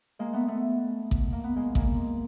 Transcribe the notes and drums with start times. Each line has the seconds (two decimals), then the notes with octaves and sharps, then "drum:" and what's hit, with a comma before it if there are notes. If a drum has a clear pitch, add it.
0.19 G#3 A#3
0.33 A3 B3
0.47 A3 B3
1.11 drum: kick A1
1.32 A#3
1.44 B3
1.56 G#3 A#3
1.75 G#3 A#3, drum: kick A1